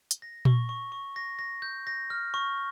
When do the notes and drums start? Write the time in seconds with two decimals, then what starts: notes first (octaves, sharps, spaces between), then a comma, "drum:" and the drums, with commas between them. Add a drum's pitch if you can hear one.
0.11 drum: hi-hat
0.22 A#6
0.45 C#6, drum: tom A#2
0.69 C#6
0.92 C#6
1.16 A#6
1.39 A#6
1.62 G6
1.87 A#6
2.10 F6
2.34 C#6